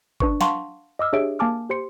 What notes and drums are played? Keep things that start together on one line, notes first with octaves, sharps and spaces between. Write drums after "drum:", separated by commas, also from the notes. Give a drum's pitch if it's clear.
D4 B4 C#6, drum: kick G1
F5 F#5 A5 C6 C#6, drum: snare
D#5 D6 E6 F6
D4 G4 G#4 C#5 E5 D7
A#3 G#5 A5 D6 F6
G4 C5 C6 C#7